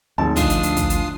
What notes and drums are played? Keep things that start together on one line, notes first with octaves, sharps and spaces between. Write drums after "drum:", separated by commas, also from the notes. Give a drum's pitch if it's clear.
G#1 D2 F3 A5
D4 F4 D#6 C7, drum: kick, hi-hat
drum: hi-hat
drum: hi-hat
drum: kick, hi-hat
drum: hi-hat